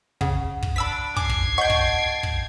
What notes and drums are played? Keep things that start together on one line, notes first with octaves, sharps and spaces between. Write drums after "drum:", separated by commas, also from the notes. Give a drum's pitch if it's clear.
C#3 F#5, drum: kick
drum: kick
D4 B5 E6 B6
G#5 D6 G#6 C7, drum: kick
drum: kick
D#5 F#5 G5 A5 C#6 G6
drum: kick
drum: kick